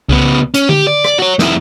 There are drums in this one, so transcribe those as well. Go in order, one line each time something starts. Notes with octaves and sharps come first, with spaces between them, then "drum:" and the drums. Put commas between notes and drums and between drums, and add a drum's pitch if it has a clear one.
C#3 B3, drum: kick C2
C#4, drum: hi-hat
G4, drum: tom D3
D5
drum: rim click
F#4 C#5
F2 E4, drum: snare